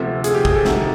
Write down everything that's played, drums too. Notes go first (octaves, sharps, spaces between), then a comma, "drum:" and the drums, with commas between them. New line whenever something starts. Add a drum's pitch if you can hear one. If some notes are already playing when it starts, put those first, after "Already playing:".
Already playing: D2 C3 F3 A4
G#4, drum: hi-hat
G4
G#4, drum: kick
A4
D2 C3 D#3 F#3, drum: snare